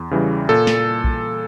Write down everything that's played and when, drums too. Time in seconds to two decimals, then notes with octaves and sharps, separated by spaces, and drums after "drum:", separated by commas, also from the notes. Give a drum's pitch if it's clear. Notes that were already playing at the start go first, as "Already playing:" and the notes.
Already playing: E2
0.11 C#3 E3 G3
0.49 A#2 A4
0.67 drum: snare
1.04 drum: kick A#1